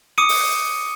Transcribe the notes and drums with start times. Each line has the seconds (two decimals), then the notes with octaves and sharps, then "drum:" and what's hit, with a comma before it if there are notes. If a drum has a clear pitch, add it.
0.18 D6 D#6 C#7 D#7
0.29 drum: open hi-hat